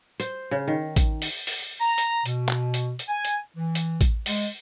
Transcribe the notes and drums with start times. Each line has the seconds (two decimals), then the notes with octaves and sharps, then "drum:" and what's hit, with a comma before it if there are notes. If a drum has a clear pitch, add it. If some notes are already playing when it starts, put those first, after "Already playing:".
0.20 C5, drum: hi-hat
0.51 C#3
0.68 D#3
0.96 drum: kick A1, hi-hat
1.22 drum: open hi-hat
1.47 drum: open hi-hat
1.80 A#5
1.98 drum: hi-hat
2.26 B2, drum: hi-hat
2.49 drum: clap
2.74 drum: hi-hat
2.99 drum: hi-hat
3.08 G#5
3.25 drum: hi-hat
3.56 E3
3.75 drum: hi-hat
4.01 drum: kick A1, hi-hat
4.26 G#3, drum: open hi-hat